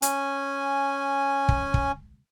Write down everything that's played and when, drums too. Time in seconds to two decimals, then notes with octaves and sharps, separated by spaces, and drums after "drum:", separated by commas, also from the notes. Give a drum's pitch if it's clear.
0.02 C#4 G#5, drum: hi-hat
1.49 drum: kick
1.74 drum: kick